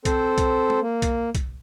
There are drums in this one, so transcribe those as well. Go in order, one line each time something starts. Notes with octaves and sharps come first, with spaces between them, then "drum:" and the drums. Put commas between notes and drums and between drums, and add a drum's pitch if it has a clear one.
C4 A4 C5, drum: kick B1, hi-hat
drum: kick B1, hi-hat
drum: tom
A#3
drum: kick B1, hi-hat
drum: kick B1, hi-hat